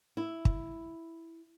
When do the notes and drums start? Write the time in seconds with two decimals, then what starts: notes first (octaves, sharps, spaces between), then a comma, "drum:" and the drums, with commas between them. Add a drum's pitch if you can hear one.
0.17 E4
0.45 drum: kick